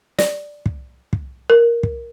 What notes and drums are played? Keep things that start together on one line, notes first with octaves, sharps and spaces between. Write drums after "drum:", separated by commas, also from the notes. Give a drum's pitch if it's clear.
D5, drum: snare
drum: kick
drum: kick
A#4
drum: kick